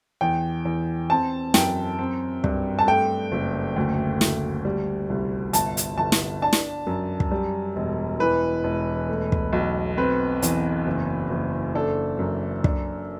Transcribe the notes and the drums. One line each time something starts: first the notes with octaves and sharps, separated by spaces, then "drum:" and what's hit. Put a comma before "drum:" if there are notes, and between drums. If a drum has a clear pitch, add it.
E2 G5
E2
C4 A5
F#2 G5, drum: snare
C4
G2, drum: kick
A5
A3 G5
F#1
D2
D2, drum: snare
G3
C2
G1 A5, drum: hi-hat
drum: hi-hat
G1 A5
drum: snare
D4 A5
drum: snare
F#2
drum: kick
G3
E1
E3 B4
E1
A3
drum: kick
B1
C4 B4
E2, drum: hi-hat
F#1
F#1
D4 A4
F#2
D4, drum: kick